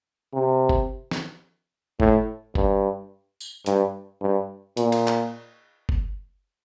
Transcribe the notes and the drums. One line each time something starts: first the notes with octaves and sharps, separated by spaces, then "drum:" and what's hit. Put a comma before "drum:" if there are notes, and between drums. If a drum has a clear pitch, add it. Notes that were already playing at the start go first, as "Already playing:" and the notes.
C3
drum: kick G1
drum: snare
A2, drum: kick G1
G2, drum: kick G1
drum: tambourine
G2, drum: hi-hat
G2
A#2, drum: hi-hat
drum: cymbal
drum: clap
drum: kick G1